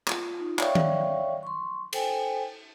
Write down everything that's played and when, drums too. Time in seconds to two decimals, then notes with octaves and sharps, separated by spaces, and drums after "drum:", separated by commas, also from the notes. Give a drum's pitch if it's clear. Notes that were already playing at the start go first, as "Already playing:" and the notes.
0.08 F4, drum: clap
0.39 D#4 F4
0.59 C#5 D5 E5 F5 G5 C#6, drum: clap
0.75 drum: tom D#3
1.43 C6 C#6
1.93 A4 C5 G5 G#5, drum: cymbal